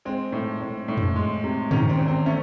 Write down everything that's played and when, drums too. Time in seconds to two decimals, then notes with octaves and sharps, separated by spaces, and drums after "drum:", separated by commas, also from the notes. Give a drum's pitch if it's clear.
0.05 G#3 C4
0.32 A2
0.61 A2
0.88 A2
0.97 drum: tom F2
1.16 G#3
1.44 C3
1.71 D#3 C#4, drum: tom G2
1.89 C4
1.98 E2
2.08 C4
2.26 A3 C#4